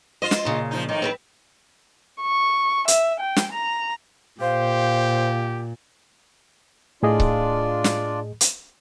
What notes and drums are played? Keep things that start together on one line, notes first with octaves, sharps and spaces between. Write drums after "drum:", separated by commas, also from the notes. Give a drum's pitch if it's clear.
F4 C5 D#5
drum: snare
A#2 C#3
F3 D#4
F2 A2 D#3 D#4
C4 A#4 B4
C#6
E5, drum: hi-hat
G5
drum: snare
A#5
A#2 G4 C5 F5
A2 D4 F4 G#4 D5 D#5
drum: kick C#1
drum: snare
drum: hi-hat